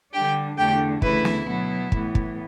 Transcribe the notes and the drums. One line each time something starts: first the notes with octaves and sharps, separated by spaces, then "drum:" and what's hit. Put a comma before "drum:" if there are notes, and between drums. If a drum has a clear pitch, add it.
D3 G3 D4 G4 G5
E2 D3 A3 D4 G4 G5
D2 C#3 E3 A3 E4 B4, drum: kick
drum: snare
B2 F#3 B3 E4
A2 E3 B3, drum: kick
drum: kick